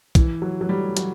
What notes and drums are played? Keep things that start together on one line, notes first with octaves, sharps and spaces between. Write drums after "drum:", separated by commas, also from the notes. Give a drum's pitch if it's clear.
E3, drum: kick, hi-hat
F#3
F#3
G3
F#3, drum: hi-hat